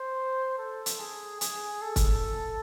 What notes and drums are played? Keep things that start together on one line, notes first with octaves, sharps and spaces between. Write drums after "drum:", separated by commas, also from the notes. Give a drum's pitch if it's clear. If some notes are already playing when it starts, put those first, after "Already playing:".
Already playing: C5
A4
drum: hi-hat
G#4
G#4, drum: hi-hat
A4
drum: kick, hi-hat